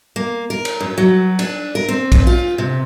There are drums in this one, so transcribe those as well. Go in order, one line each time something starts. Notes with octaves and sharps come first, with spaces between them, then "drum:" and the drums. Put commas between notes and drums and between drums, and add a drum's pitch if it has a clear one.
A#3
A#4
drum: cymbal
F#2
F#3
D4, drum: cymbal
A#4
C4
drum: kick, cymbal
F4
C3